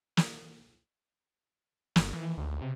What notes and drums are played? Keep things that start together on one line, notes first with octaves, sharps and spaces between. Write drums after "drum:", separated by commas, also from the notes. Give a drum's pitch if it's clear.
drum: snare
G1, drum: snare
E3
D2
C3